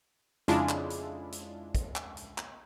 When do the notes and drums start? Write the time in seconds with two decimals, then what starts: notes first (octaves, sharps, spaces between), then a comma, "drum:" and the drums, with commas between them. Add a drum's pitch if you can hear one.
0.48 F2 C#3 G#3 D4 E4 F4, drum: hi-hat
0.69 drum: clap
0.90 drum: hi-hat
1.32 drum: hi-hat
1.75 drum: kick, hi-hat
1.96 drum: clap
2.17 drum: hi-hat
2.38 drum: clap